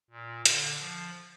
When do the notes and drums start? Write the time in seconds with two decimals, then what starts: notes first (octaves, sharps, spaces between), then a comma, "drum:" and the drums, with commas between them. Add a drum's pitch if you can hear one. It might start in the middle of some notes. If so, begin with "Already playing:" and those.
0.11 A#2
0.46 D3, drum: hi-hat
0.80 F3